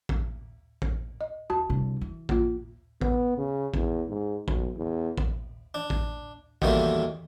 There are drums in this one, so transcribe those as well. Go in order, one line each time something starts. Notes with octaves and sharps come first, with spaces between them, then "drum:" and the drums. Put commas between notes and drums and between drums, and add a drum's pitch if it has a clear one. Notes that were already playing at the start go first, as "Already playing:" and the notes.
drum: kick A1
drum: kick A1
D#5
E2 F#4 A5
C2 D3
E3
A#3 F4, drum: kick A1
B3, drum: kick A1
C#3
E2, drum: kick A1
G#2
B1, drum: kick A1
E2
drum: kick A1
D4
drum: kick A1
B1 E2 D#3 G3 A3 A#3, drum: kick A1